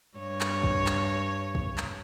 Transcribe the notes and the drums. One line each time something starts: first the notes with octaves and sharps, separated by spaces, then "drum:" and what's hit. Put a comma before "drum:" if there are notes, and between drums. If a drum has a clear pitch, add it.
G2 C#5
drum: clap
drum: kick
drum: clap
drum: kick
drum: clap